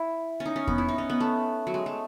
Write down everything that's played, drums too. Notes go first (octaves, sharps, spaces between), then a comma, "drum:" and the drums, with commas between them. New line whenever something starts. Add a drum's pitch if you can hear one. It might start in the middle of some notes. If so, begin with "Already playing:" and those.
Already playing: E4
C#4
D#4
C#4
B3, drum: kick E2
E4
D#4
C#4
B3
A3
F#3
G#3
A3